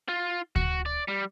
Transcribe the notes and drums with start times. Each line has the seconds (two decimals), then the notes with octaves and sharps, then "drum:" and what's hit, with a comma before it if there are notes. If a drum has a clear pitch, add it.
0.09 F4
0.56 F#4, drum: kick D2
0.86 D5
1.08 G3